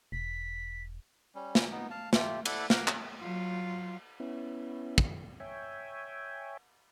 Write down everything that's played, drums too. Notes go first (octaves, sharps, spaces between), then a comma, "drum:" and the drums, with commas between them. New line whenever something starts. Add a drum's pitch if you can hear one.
E1 B6
G3 C#4
drum: snare
B3 D#4
F5 A5
A3 F4 G4, drum: snare
E4 A4 D5 F#5, drum: cymbal
A#4 F5 F#5 D6, drum: snare
drum: clap
F#3 F4
B3 C#4 E4
drum: kick
C#5 E5 G5 G#5